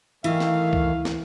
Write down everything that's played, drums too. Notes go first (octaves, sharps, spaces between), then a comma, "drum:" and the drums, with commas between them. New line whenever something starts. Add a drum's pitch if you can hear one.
D#3 E3 A3 E4 F5
drum: snare
drum: kick C#2
drum: snare